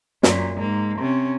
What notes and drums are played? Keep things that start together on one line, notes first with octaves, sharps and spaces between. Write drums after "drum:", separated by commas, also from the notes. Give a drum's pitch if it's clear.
F#2 A#2, drum: snare
G#2 A#3
C3 C#4